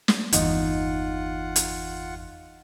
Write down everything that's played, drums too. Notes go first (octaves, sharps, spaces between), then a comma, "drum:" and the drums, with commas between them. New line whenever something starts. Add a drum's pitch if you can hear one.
drum: snare
G1 E2 D#4 F4 F#5, drum: hi-hat
drum: hi-hat